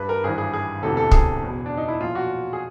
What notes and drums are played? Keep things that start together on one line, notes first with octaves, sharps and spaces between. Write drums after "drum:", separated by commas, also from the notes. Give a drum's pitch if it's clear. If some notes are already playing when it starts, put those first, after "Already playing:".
Already playing: G2 B4
A#4
G#1 G2 E3 G#4
G#4
G#4
E1 D2 C3 E3 A4
A4
G#4, drum: kick
F#1 E2 B2
D4
D#4
E4
B1 A#2 F3 F4
F#4
G#4